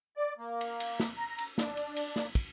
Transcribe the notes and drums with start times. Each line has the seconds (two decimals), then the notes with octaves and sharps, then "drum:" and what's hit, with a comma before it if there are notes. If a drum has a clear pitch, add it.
0.17 D5
0.38 A#3
0.61 drum: cymbal
0.80 drum: cymbal
1.00 drum: snare
1.16 A#5
1.38 drum: cymbal
1.58 D4, drum: snare
1.77 drum: cymbal
1.97 drum: cymbal
2.16 drum: snare
2.35 drum: kick, cymbal